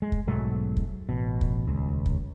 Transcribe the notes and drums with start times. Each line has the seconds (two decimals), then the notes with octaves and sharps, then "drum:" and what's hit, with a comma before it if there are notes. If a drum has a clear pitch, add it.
0.02 G#3
0.12 drum: kick
0.28 B1 G#2 F#3 A3
0.76 drum: kick
1.09 A1 B2
1.41 drum: kick
1.65 D#1 C#2
2.06 drum: kick